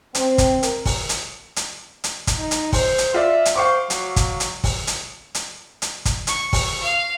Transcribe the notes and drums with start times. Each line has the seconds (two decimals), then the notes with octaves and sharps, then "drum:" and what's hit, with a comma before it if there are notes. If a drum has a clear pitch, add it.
0.15 C4, drum: hi-hat
0.38 drum: kick, hi-hat
0.63 A#4, drum: hi-hat
0.85 drum: kick, open hi-hat
1.09 drum: hi-hat
1.56 drum: hi-hat
2.04 drum: hi-hat
2.27 drum: kick, hi-hat
2.37 D#4
2.51 drum: hi-hat
2.73 C5, drum: kick, open hi-hat
2.98 drum: hi-hat
3.14 F4 D5 E5
3.45 drum: hi-hat
3.56 C5 F5 C#6 D6
3.90 F#3, drum: hi-hat
4.16 drum: kick, hi-hat
4.40 drum: hi-hat
4.64 drum: kick, open hi-hat
4.87 drum: hi-hat
5.35 drum: hi-hat
5.82 drum: hi-hat
6.05 drum: kick, hi-hat
6.27 C#6, drum: hi-hat
6.53 drum: kick, open hi-hat
6.83 F5